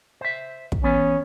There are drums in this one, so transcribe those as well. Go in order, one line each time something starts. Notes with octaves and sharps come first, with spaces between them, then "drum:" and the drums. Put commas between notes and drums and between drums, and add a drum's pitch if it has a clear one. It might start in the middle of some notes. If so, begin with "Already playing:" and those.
C5 E5
drum: kick
E3 B3 C#4